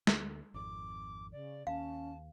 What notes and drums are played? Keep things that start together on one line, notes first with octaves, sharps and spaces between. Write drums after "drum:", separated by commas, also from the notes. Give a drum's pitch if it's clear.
D2 D3, drum: snare
G#1 F2 D6
C#3 D5
D#2 C#4 F5 A5